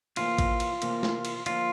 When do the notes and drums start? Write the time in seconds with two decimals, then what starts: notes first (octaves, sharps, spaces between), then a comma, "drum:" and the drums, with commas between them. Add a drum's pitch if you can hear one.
0.16 C3 E3 A#3 F4, drum: cymbal
0.38 drum: kick A1, cymbal
0.60 drum: cymbal
0.82 C3 E3 A#3, drum: cymbal
1.03 drum: snare
1.25 drum: cymbal
1.46 D3 F3 A#3 F4, drum: cymbal